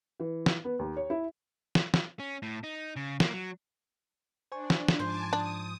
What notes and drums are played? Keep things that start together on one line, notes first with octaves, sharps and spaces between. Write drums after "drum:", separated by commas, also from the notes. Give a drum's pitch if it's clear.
E3
drum: snare
B3
D#2
C#5
E4
drum: snare
drum: snare
C#4
A2
D#4
C#3
A#3, drum: snare
F#3
D4 C5 G#5 C#6
drum: snare
drum: snare
G#2 F3 C5 G#5 A5 D6
D4 D#6